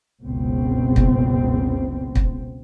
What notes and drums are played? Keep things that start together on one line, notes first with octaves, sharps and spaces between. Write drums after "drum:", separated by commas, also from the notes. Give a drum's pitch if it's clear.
F#1 C#2 B2 C4
drum: kick
drum: kick